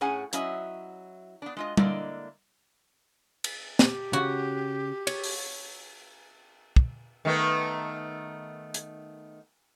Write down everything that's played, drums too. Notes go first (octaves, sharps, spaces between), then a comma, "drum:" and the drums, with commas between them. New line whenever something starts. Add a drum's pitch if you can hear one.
A2 C#4 G#4 F#5 G#5
F#3 C#4 E4 D#5 E5, drum: hi-hat
B3 D4
G#3 F4 D#5
D3 G#3 A#3 E4 D5 D#5, drum: tom G3
drum: cymbal
G4, drum: snare
C#3 F#4
C#5, drum: cymbal
drum: open hi-hat
drum: kick
D#3 A3 B3
drum: hi-hat